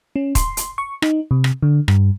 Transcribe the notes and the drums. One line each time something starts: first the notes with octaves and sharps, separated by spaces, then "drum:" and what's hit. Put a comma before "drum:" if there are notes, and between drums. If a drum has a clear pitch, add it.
C#4
C6, drum: kick, hi-hat
drum: hi-hat
C#6
D#4, drum: rim click
C3
drum: rim click
D3
G2, drum: rim click